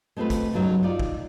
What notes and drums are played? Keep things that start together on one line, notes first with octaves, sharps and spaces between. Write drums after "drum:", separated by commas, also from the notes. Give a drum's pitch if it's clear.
G#3 A3 C4 F4 A4 B4
drum: kick, hi-hat
G2 C#3 F#3 D#4
D#4 F4 D5
drum: kick